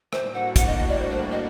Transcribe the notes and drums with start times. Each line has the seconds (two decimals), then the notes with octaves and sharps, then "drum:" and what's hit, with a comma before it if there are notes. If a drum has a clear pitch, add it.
0.13 A2 G3 A#3 D4 F#4 C5, drum: rim click
0.34 F#5
0.56 F#5, drum: kick, hi-hat
0.67 D#5
0.78 D#5
0.89 D5
0.99 C5
1.10 C5
1.31 D#5